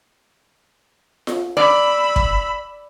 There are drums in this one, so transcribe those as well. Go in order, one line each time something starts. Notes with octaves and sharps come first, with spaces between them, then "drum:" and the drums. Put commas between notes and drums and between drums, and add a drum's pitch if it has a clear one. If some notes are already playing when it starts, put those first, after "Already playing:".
drum: snare F4
D5 B5 E6
drum: kick